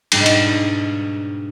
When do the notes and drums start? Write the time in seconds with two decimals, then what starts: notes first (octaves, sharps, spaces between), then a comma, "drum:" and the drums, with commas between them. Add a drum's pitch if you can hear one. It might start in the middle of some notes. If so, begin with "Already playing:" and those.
0.12 G#2 B2 G3 D4 D#4, drum: cymbal
0.26 drum: cymbal